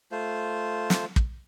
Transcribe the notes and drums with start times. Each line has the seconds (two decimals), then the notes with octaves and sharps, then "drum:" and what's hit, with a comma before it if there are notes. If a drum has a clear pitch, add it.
0.12 A3 F4 C5
0.90 drum: snare
1.16 drum: kick